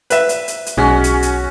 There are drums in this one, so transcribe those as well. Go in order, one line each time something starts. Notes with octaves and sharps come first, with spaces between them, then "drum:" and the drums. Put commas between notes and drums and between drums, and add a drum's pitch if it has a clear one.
B4 E5, drum: hi-hat
drum: hi-hat
drum: hi-hat
drum: hi-hat
B1 G#3 C#4 F#4
drum: hi-hat
drum: hi-hat